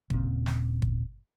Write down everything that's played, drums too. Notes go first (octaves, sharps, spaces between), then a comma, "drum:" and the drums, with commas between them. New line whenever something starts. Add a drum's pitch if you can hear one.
D#1 A#2 C#3 C4, drum: kick
drum: snare
drum: kick